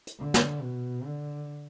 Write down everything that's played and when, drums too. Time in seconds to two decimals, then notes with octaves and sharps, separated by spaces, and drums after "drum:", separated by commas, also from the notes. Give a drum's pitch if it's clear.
0.07 drum: hi-hat
0.19 D3
0.34 drum: snare
0.62 B2
1.05 D3